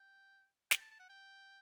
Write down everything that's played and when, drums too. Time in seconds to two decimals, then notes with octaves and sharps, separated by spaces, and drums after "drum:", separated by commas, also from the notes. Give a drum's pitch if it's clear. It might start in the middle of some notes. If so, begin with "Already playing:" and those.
Already playing: G5
0.71 G5, drum: snare
0.81 A5
0.91 A5
1.00 F#5
1.09 G5